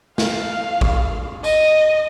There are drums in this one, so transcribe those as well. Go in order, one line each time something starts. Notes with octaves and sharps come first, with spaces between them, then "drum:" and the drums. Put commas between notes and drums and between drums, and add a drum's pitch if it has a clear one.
F5, drum: snare
drum: kick
D#5, drum: tambourine